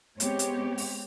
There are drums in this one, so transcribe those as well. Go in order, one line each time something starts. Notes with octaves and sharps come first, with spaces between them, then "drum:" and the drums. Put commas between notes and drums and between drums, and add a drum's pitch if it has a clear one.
G#3 B3 C4 G4 C#5, drum: hi-hat
drum: hi-hat
drum: open hi-hat